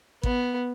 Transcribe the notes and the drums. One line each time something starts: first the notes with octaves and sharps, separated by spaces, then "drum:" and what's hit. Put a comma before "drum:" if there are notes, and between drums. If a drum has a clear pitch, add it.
B3, drum: kick